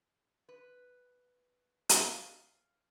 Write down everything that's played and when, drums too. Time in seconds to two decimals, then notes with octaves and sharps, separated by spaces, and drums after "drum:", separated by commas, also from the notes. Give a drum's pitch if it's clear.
0.49 B4
1.89 drum: hi-hat
2.04 F5